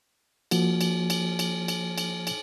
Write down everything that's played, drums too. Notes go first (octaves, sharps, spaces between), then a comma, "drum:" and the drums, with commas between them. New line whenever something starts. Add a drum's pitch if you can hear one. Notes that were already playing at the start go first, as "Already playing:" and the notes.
F3 A#3 F#4, drum: cymbal
drum: cymbal
drum: cymbal
drum: cymbal
drum: cymbal
drum: cymbal
drum: cymbal